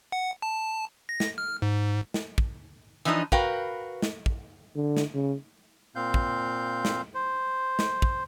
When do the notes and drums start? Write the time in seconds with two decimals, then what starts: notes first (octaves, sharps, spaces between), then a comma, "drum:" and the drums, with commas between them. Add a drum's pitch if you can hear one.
0.12 F#5
0.42 A5
1.09 A#6
1.20 drum: snare
1.38 F6
1.62 G#2
2.14 drum: snare
2.38 drum: kick
3.05 E3 F3 D4 D#4 D#5
3.32 F#4 A#4 B4 F5 G5, drum: kick
4.02 drum: snare
4.26 drum: kick
4.75 D3
4.97 drum: snare
5.14 C#3
5.95 A#2 C4 F5 G6
6.14 drum: kick
6.85 drum: snare
7.15 C5
7.79 drum: snare
8.02 drum: kick